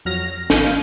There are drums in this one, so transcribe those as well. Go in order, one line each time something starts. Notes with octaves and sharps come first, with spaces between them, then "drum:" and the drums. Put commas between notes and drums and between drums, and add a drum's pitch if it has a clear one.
F2 F#3 F6 A#6
G#1 F5 G6 D#7, drum: snare